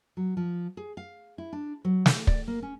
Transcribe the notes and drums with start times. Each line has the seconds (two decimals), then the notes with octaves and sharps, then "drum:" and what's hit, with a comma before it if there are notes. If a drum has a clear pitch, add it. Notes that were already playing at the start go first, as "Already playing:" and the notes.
0.17 F#3
0.37 F3
0.77 G#4
0.97 F5
1.38 E4
1.53 D4
1.85 F#3
2.06 G#4, drum: snare
2.27 D5, drum: kick
2.47 A#3
2.62 C#4